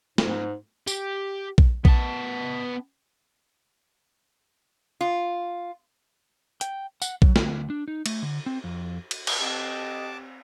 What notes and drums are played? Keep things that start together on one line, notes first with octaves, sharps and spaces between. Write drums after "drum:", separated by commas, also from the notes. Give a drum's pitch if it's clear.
G#2, drum: snare
G4, drum: tambourine
drum: kick A#1
B3 A5, drum: kick A#1
F4
G5, drum: hi-hat
F#5, drum: tambourine
F#3, drum: kick A#1
D2, drum: snare
D4
D#4
A3, drum: cymbal
D3
C4
F2
drum: cymbal
drum: cymbal
C4 G4 A4 D#5 A5 D6